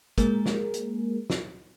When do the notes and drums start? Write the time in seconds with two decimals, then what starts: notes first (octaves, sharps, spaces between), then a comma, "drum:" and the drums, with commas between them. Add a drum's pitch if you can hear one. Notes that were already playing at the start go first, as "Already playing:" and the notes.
0.18 G#3 A#3 G#4 A#4, drum: kick, hi-hat
0.46 drum: snare
0.74 drum: hi-hat
1.30 drum: snare